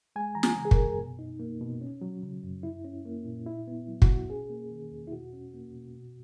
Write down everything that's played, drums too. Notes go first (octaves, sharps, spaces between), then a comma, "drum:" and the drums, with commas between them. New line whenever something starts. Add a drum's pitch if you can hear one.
G#3 G#5
E3 A#5
G#5, drum: snare
C#3
G#4
A#4, drum: kick
F#2
B2
D#4
A#3
B2
C#4
F#3
C#3
F#2
E4
C#4
A#3
A#2
E4
B3
F#3
F#4, drum: kick
B2
C#4 G#4
A#3
D#3
E2
E4
B2 F#4
C#4
A#3
B2
B2